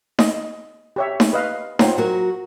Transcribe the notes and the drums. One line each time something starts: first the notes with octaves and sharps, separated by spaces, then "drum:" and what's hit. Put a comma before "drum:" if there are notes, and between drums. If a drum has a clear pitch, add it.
D#5, drum: snare D#4
G4 C#5 E5
drum: snare D#4
B4 D#5 F5
F4 C5 C#5 F#5 G5 A#5, drum: snare D#4
F#3 F#4 A#4